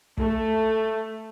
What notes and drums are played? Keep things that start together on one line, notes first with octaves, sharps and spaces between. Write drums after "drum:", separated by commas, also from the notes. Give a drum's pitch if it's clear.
A3, drum: kick